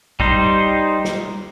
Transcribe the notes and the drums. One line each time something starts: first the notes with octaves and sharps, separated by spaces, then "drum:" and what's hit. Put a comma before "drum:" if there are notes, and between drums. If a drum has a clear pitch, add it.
G3 D#4 C5, drum: kick
drum: snare